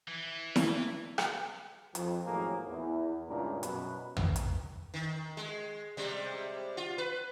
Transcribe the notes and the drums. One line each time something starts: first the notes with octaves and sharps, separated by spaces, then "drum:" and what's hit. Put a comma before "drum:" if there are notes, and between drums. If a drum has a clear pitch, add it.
E3
drum: snare E4
drum: rim click
F2, drum: hi-hat
G#1 A2 F3 F#3 A#3 G#4
E2 E3
C#2 G2 A#2 D4 E4 A#4
F#2 B2 B4, drum: hi-hat
drum: tom
drum: hi-hat
D#3
G#3
C3 G3 G#3
F4
B4